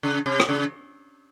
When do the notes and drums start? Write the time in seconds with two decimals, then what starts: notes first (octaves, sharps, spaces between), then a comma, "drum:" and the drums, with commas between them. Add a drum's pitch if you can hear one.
0.03 C#3
0.26 C3
0.40 drum: rim click
0.49 C#3